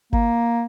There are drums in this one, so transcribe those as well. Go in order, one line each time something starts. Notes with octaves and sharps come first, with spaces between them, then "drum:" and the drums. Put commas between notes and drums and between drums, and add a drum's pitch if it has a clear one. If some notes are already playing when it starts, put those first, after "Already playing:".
A#3, drum: kick G#1